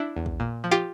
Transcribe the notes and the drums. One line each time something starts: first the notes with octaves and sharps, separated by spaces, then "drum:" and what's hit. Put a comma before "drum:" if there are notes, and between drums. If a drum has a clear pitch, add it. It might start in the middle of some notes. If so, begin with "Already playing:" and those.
Already playing: D4 E4
E2
drum: kick
A#2
F3
F4 G4